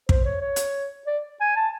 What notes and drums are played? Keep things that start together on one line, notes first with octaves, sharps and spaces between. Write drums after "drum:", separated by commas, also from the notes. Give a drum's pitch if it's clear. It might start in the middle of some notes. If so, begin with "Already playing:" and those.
C5, drum: kick
C#5
C#5
drum: hi-hat
D5
G#5
A5